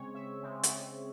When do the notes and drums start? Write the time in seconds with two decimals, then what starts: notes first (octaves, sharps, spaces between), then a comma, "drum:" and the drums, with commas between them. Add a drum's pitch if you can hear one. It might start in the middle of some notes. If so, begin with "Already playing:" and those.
Already playing: C#3 G#3 C4 C#5
0.15 E5
0.43 C#3 G#3 C4
0.63 drum: hi-hat